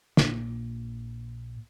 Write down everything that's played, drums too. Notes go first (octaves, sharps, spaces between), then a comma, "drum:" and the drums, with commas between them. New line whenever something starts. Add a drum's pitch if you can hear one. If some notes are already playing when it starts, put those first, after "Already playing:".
A#1 A#2, drum: snare